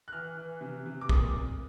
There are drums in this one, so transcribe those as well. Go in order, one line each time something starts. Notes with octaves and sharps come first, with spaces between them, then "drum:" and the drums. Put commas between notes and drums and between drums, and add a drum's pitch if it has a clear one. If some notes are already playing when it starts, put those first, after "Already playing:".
F#6
E3 F6
E3
C3
C3
D6
A#2 D#6, drum: kick